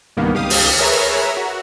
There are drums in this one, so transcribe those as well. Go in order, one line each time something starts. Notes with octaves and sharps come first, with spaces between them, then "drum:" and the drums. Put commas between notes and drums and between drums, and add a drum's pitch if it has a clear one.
C2 G2 D#3 A#3 B3
C#2 G4 F5 D#6
drum: open hi-hat
G#4 A#4 B4 C#5 E5 A#5
F#4